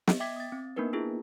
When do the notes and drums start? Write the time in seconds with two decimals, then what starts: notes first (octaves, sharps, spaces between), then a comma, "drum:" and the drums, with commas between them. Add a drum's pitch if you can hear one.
0.07 B3 D#5, drum: snare
0.20 E5 G5 D6 G#6 B6
0.36 D#6 A6
0.52 C4
0.76 A#3 B3 D4 D#4 A#4 B4
0.93 D4 E4 F4 G#4